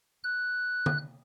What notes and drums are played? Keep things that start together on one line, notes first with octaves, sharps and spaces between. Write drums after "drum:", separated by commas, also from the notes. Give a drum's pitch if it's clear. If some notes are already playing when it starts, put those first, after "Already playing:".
F#6
drum: tom